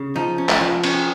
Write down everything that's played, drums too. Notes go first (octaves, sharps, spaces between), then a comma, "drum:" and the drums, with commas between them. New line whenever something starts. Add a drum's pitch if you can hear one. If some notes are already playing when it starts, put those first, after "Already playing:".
Already playing: C#3
F3 D#4
C#4
drum: clap
F3
C#4, drum: cymbal